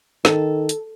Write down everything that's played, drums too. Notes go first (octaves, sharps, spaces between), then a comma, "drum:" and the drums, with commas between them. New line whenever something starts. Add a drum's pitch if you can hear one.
D#3 A4, drum: snare
drum: hi-hat